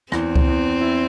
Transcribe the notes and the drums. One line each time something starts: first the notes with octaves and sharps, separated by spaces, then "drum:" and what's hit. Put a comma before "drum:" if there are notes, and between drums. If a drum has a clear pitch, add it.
E2 C4, drum: rim click
drum: kick C#2
E2
E4